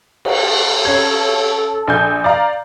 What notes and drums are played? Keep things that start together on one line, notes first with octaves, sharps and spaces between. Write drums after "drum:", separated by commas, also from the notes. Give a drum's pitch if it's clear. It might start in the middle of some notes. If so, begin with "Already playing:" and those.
drum: cymbal
A4
C#4 G#6
A#1 G#5 G6
D5 F5 A#5